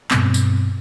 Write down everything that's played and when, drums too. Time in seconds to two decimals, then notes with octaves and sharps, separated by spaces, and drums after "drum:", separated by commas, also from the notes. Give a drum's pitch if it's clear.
0.11 G2 B2 A#3 C4, drum: clap
0.34 drum: tambourine